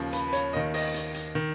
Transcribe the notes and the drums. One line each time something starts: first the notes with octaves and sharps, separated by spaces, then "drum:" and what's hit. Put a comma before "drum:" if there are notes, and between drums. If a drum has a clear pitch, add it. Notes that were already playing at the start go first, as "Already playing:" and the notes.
Already playing: D#2 C#3 F3
B4, drum: hi-hat
B4
C#5, drum: hi-hat
D#2 D#3 D#5
D#5, drum: open hi-hat
drum: hi-hat
drum: hi-hat
D#3